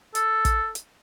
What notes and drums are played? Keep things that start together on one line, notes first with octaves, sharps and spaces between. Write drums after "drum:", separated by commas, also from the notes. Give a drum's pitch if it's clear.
A4, drum: hi-hat
drum: kick, hi-hat
drum: hi-hat